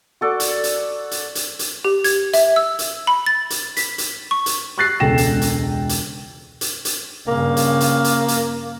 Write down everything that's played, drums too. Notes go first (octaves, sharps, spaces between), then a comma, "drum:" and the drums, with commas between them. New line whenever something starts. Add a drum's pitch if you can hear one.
F#4 A4 D5
drum: hi-hat
drum: hi-hat
drum: hi-hat
drum: hi-hat
drum: hi-hat
G4
G#6, drum: hi-hat
E5, drum: hi-hat
E6
drum: hi-hat
B5
A6
drum: hi-hat
B6, drum: hi-hat
drum: hi-hat
C#6
drum: hi-hat
C#6 E6 F#6 A6 A#6 C7
E1 C#2 A4 G5 A#6 E7
drum: hi-hat
drum: hi-hat
drum: hi-hat
drum: hi-hat
drum: hi-hat
G2 C#3 A#3
drum: hi-hat
drum: hi-hat
drum: hi-hat
drum: hi-hat